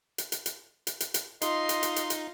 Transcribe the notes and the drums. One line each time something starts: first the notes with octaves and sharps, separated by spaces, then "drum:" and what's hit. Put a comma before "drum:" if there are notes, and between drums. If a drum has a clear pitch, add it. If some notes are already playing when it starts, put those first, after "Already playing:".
drum: hi-hat
drum: hi-hat
drum: hi-hat
drum: hi-hat
drum: hi-hat
drum: hi-hat
D#4 F4 D#5 C6, drum: hi-hat
drum: hi-hat
drum: hi-hat
drum: hi-hat
drum: hi-hat